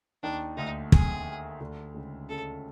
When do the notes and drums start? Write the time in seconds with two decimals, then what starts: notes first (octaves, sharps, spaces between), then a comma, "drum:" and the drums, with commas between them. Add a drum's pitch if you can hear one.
0.23 D#2 D#3 D4
0.57 D2 D3 D#4
0.92 G#4, drum: kick
1.60 D2 D3
1.94 C#2 C#3
2.29 C#2 C#3 A4